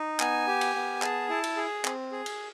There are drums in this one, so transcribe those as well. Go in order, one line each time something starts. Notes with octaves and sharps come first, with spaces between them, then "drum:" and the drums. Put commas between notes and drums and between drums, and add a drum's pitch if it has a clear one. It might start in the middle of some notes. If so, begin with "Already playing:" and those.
Already playing: D#4
B3 G#5, drum: clap
G4
drum: cymbal
B3
G#4 A5, drum: clap
E4 A5
drum: cymbal
G#4
C4, drum: clap
G#4
drum: cymbal